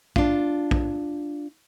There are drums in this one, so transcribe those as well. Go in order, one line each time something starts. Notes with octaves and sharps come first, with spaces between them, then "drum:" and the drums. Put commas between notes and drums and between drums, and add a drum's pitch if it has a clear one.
D4 F4, drum: kick
drum: kick